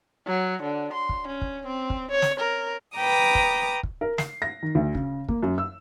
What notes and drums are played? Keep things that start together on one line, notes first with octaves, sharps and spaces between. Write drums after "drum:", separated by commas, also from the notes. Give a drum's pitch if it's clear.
F#3
D3
C6
drum: kick
C#4
drum: kick
C4
drum: kick
C#5
drum: snare
A#4
B4 G5 A#5 D6 D#6
drum: kick
drum: kick
A#4
C7, drum: snare
A#6
D#3
D2
C#3, drum: kick
A#3, drum: kick
F#2
E6